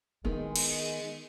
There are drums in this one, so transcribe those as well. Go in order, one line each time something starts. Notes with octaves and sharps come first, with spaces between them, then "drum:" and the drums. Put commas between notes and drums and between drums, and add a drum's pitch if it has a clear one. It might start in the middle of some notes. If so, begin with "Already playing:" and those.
D#3 G#3 B3 E4
drum: cymbal